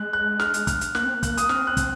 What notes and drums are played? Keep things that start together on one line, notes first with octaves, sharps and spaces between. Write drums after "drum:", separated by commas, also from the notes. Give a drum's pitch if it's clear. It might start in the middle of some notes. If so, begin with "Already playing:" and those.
Already playing: G#3 F#6
F#6
F6, drum: snare
drum: hi-hat
F6, drum: kick, hi-hat
drum: hi-hat
A#3 F#6, drum: snare
C4
A#3
F#6, drum: kick, hi-hat
A#3 D#6, drum: hi-hat
C4 F6, drum: snare
F#6
drum: kick, hi-hat